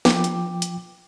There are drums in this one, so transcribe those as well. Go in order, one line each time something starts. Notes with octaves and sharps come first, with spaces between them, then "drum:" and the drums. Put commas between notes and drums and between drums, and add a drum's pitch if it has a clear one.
F3 G5 D6, drum: snare
drum: hi-hat
drum: hi-hat